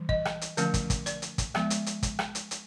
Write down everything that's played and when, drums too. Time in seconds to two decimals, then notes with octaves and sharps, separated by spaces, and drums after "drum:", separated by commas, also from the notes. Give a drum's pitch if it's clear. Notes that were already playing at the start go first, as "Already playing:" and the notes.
Already playing: E3 G3
0.09 D#5, drum: kick
0.25 drum: rim click
0.41 drum: hi-hat
0.57 D3 F3 A3 C#4, drum: hi-hat
0.74 drum: kick, hi-hat
0.90 drum: kick, hi-hat
1.06 D5, drum: hi-hat
1.22 drum: hi-hat
1.38 drum: kick, hi-hat
1.55 F3 G#3 B3, drum: rim click
1.70 drum: hi-hat
1.86 drum: hi-hat
2.03 drum: kick, hi-hat
2.19 drum: rim click
2.35 drum: hi-hat
2.51 drum: hi-hat